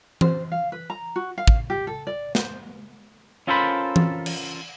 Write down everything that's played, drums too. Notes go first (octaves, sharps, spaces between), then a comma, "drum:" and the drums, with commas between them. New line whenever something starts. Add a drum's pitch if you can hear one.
C5, drum: tom E3
F5
B4
A#5
F#4
F5
drum: kick
G4
A4
D5
C5, drum: snare
C#4 F4 A4 A#4 C5 B5
drum: tom E3
drum: cymbal